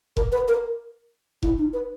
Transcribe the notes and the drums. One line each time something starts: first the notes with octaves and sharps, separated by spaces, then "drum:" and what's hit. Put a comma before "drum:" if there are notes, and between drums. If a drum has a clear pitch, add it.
A#4, drum: kick F1
B4
A#4
E4, drum: kick F1
D#4
B4